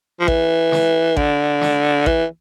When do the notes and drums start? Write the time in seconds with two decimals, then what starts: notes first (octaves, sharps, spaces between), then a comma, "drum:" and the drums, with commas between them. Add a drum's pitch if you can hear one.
0.20 F3
0.28 E3, drum: kick A1
0.72 drum: snare
1.17 D3, drum: kick A1
1.62 drum: snare
2.06 E3, drum: kick A1